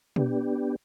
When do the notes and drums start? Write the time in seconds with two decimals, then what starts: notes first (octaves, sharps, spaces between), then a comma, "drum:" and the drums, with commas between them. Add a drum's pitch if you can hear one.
0.16 B3 D4 G4, drum: tom